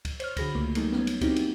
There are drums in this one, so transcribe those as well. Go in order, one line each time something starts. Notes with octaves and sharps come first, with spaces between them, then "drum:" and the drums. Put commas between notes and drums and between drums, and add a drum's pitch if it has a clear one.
drum: kick C#2, cymbal
C5 C#5 F6, drum: cymbal
D3 F#4 G#4 B5 A#6, drum: kick C#2, cymbal
C#2 A3 A#3
F#3 G3 A3 A#3 D#4 G#4, drum: cymbal
B3 C#4, drum: snare
drum: cymbal
A#3 C4 D#4 E4 F#4 G4, drum: kick C#2, cymbal
drum: cymbal